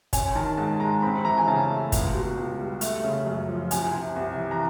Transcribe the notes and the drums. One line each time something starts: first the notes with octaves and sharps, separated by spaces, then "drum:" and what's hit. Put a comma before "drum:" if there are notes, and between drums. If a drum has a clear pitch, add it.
C#4 G#5, drum: kick, hi-hat
D#3 A5
G#2 A5
G#3 A#5
C4 B5
E3 A#5
G#5
C#3 A5
A3
C#2, drum: kick, hi-hat
B2
C#2
G3
A3, drum: hi-hat
C#3
F#2
F3
C2 G#5, drum: hi-hat
C3
C2
E3
A#5